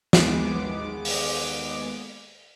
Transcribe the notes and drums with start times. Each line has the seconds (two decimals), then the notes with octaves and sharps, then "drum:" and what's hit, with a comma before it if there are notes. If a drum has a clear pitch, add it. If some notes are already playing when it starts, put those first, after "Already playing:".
0.13 D#2 G#3 B3 D6, drum: snare
1.05 drum: open hi-hat